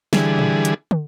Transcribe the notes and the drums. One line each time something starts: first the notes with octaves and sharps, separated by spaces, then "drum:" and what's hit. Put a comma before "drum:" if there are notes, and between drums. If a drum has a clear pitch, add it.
D3 E3 G3 G#4, drum: snare
drum: tom A#2
drum: hi-hat
drum: tom